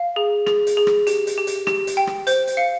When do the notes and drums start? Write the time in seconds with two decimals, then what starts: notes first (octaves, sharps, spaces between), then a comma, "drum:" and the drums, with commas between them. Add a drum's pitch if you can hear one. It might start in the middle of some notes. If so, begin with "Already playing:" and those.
Already playing: F5
0.16 G#4
0.47 G#4, drum: rim click
0.67 drum: hi-hat
0.77 G#4
0.87 drum: rim click
1.07 G4, drum: hi-hat
1.27 drum: hi-hat
1.38 G4
1.47 drum: hi-hat
1.67 G4, drum: rim click
1.87 drum: hi-hat
1.97 G5
2.07 drum: rim click
2.27 C5 G6, drum: hi-hat
2.47 drum: hi-hat
2.57 F5 C#7